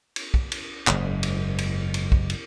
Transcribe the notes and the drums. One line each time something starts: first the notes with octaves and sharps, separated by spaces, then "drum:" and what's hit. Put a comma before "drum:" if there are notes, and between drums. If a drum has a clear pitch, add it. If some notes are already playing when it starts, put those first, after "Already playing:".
drum: cymbal
drum: kick
drum: cymbal
F#1 G#2, drum: clap
drum: cymbal
drum: cymbal
drum: cymbal
drum: kick
drum: cymbal